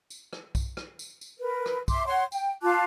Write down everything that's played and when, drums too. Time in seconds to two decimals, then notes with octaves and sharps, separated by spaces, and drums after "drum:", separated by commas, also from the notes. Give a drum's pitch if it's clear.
0.10 drum: tambourine
0.33 drum: rim click
0.55 drum: kick B1, tambourine
0.77 drum: rim click
0.99 drum: tambourine
1.21 drum: tambourine
1.38 A#4 B4
1.66 drum: rim click
1.88 E5 C6 D6, drum: kick B1, tambourine
2.06 C#5 F#5 C6
2.32 G5, drum: tambourine
2.63 F4 A5 D6 F#6